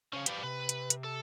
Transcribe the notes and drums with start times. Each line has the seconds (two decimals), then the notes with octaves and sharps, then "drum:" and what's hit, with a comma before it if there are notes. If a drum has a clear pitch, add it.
0.13 C#3 C#4 C5 F5
0.26 G4 B4 D5, drum: hi-hat
0.43 C3 B4
0.69 drum: hi-hat
0.90 drum: hi-hat
1.04 A4